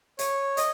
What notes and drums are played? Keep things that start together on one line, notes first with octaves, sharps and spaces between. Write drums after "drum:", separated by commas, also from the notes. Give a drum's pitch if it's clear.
C#5, drum: hi-hat
D#5, drum: hi-hat